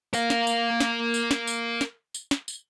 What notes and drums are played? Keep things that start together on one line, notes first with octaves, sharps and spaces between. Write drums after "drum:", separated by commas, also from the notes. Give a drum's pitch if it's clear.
A#4 F5, drum: tambourine
drum: snare
drum: tambourine
drum: snare
drum: tambourine
drum: snare
drum: tambourine
drum: snare
drum: tambourine
drum: snare
drum: tambourine